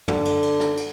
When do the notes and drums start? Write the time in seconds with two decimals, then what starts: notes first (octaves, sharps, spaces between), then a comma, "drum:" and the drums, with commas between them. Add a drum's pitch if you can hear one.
0.08 D3, drum: tom
0.25 drum: cymbal
0.43 drum: cymbal
0.60 drum: rim click
0.77 drum: cymbal